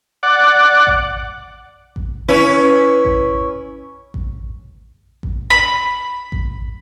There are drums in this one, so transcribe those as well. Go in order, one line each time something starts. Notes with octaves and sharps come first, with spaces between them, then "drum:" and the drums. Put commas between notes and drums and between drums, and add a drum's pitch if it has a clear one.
D5 F#5
drum: kick A1
drum: kick A1
C#4 E4 B4
drum: kick A1
drum: kick A1
drum: kick A1
B5
drum: kick A1